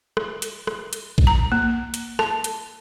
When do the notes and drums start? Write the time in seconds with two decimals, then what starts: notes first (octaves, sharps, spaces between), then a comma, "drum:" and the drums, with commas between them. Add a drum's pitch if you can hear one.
0.17 drum: rim click
0.42 drum: hi-hat
0.67 drum: rim click
0.93 drum: hi-hat
1.18 drum: kick A#1
1.27 A#5
1.52 A#3
1.94 drum: hi-hat
2.19 A5, drum: rim click
2.44 drum: hi-hat